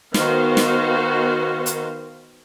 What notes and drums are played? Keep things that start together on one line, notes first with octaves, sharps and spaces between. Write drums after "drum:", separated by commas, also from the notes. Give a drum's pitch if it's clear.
D#3 B3 F#4 C5 F5, drum: snare
drum: snare
drum: hi-hat